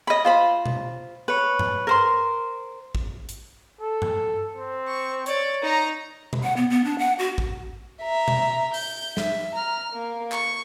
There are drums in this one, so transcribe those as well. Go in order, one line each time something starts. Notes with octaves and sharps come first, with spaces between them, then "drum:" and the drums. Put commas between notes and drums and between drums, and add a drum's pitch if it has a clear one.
D#5 B5
F4 C5 B5
drum: tom B2
B4 C#5
drum: tom G2
A#4 C5 C6
drum: kick A1
drum: hi-hat
A4
drum: tom G2
C4
C#6
C#5 D5, drum: hi-hat
D#4 A#5
drum: tom B2
F#5
B3
B3
D4
F#5
F#4
drum: kick A1
E5 A#5
drum: tom B2
G6, drum: open hi-hat
E5, drum: snare
A#5 F6
A#3
C#6, drum: clap